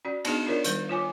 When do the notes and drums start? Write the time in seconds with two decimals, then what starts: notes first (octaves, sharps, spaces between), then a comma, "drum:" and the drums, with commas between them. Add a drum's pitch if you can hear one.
0.05 C#4 F#4 D5
0.25 B3 D4 D#4 F#4 G#4, drum: cymbal
0.46 D4 F4 A#4 C#5 D5
0.64 D#3 G3, drum: hi-hat
0.89 F4 C#5 G#5 D6